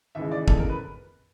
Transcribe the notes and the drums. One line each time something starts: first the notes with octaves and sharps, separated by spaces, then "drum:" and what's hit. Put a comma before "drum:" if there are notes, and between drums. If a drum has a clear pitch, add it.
D#2 C#3 E3 G#3 E5
D5
A4, drum: kick
A#4
B4